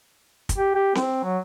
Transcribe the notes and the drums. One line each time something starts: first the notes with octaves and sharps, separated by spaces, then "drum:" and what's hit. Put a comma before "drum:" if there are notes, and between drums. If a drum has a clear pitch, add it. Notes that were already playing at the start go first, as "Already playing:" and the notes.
drum: kick, hi-hat
G4
G4
C4, drum: snare C4
F#3